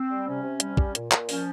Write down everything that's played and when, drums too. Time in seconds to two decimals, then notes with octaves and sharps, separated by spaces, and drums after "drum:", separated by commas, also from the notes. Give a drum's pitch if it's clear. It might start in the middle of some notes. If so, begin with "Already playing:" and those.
Already playing: C4
0.09 G3
0.27 C3 C#4
0.43 C3
0.60 G3, drum: hi-hat
0.77 G3, drum: kick
0.95 A#2, drum: hi-hat
1.11 A#2, drum: clap
1.29 F3 C#4, drum: open hi-hat